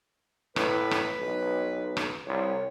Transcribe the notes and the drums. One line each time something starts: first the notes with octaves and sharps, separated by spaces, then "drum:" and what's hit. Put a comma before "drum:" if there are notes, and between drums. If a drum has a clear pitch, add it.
A2 B4, drum: rim click
drum: rim click
B1
drum: rim click
C2 C#5